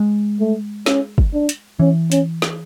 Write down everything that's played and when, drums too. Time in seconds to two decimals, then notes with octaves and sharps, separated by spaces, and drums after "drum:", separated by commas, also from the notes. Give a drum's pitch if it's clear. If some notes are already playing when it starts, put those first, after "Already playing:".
Already playing: G#3
0.40 A3
0.86 C#4, drum: snare
1.18 drum: kick
1.34 D4
1.49 drum: hi-hat
1.80 E3 C#4
2.12 C#4, drum: hi-hat
2.42 drum: snare